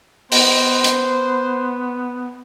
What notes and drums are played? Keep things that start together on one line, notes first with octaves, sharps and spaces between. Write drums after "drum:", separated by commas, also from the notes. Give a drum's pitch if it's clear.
B3 C5, drum: open hi-hat
drum: hi-hat